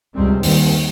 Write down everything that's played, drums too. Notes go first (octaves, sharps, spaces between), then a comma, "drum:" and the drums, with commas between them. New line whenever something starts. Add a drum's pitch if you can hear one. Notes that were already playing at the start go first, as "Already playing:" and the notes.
C#2 C3 G3 C4
D#2 D#3 G3 C4, drum: open hi-hat